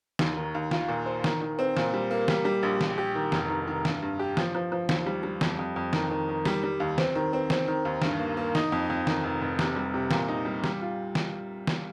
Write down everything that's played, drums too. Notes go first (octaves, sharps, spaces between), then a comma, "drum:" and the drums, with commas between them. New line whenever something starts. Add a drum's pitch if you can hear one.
D#2, drum: snare
D#3
D#2
F4, drum: snare
A#2
C5
D#3, drum: snare
D#3
C4
A#2, drum: snare
G3
A#3
G3, drum: snare
G3
A#1
G4, drum: snare
G4
D#3
F1, drum: snare
D#3
D#3
G2, drum: snare
G2
G4
F3, drum: snare
F3
F3
D#2, drum: snare
G3
G3
F2, drum: snare
F2
F2
D#3, drum: snare
D#3
D#3
G3, drum: snare
G3
D#2
C4, drum: snare
D#3
C4
C4, drum: snare
D#3
D#2
G2, drum: snare
A#3
A#3
D#4, drum: snare
F2
F2
D#3, drum: snare
F1
F1
C3, drum: snare
G3
C3
A#2, drum: snare
D#4
G3
G3, drum: snare
F4
drum: snare
drum: snare